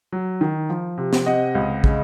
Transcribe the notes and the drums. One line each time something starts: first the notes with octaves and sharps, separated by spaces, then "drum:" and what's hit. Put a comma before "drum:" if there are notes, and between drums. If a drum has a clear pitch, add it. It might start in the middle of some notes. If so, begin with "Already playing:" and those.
F#3
D#3
F3
C3
drum: snare
C4 D#5 F#5
C#2
C#3, drum: kick